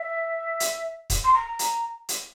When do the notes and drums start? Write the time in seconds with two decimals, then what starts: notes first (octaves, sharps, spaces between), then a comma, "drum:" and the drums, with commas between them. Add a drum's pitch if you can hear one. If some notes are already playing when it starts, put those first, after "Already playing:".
Already playing: E5
0.60 drum: hi-hat
1.10 drum: kick, hi-hat
1.24 C6
1.35 A#5
1.59 drum: hi-hat
2.09 drum: hi-hat